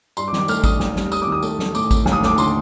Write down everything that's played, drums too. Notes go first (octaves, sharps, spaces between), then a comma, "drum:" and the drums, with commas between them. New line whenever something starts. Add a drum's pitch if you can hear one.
G2 C6, drum: tambourine
D6
D#3, drum: snare
D6
A3 F6, drum: tambourine
G2 D#6, drum: kick G#1, tambourine
D#2, drum: snare
G3, drum: snare
G3 D#6, drum: tambourine
D#3 D6
D#6
A3, drum: tambourine
A3, drum: snare
A2 D6, drum: tambourine
A2, drum: kick G#1, tambourine
D#2, drum: snare
D#6
A3 D6, drum: snare
D3 C6, drum: tambourine